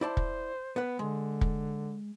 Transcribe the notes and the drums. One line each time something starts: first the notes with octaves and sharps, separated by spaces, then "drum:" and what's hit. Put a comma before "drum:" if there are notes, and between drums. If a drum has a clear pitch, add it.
E4 C5 D5 A5
drum: kick
B3 B4
D3 G#3
drum: kick